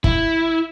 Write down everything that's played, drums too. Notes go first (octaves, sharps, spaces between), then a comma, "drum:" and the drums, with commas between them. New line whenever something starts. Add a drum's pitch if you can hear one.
E4, drum: kick